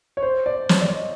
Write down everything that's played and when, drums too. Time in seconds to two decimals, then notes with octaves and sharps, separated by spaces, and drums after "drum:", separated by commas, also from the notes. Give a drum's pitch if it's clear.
0.17 C#5
0.22 C5
0.46 D5
0.69 C#5, drum: snare
0.81 D5
0.93 D#5